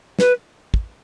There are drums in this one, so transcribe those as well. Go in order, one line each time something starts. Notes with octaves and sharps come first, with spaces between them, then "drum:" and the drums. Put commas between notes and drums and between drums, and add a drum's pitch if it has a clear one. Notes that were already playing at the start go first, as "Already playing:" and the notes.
B4, drum: snare
drum: kick